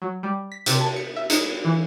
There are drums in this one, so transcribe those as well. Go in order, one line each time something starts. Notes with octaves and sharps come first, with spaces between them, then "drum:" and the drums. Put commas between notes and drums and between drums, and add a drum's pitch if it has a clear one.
F#3
G3
B6
C3, drum: hi-hat
A5
C#7
E5
D#4, drum: hi-hat
E3